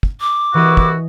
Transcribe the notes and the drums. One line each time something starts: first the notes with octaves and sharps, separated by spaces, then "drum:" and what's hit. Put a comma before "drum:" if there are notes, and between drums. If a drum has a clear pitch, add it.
drum: kick
D6
C2 E3 E4 F#4 D#5
drum: kick